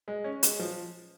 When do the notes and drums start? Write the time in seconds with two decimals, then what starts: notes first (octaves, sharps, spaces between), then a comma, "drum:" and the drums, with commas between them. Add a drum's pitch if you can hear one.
0.08 G#3
0.24 C#4
0.43 G#3, drum: hi-hat
0.59 F3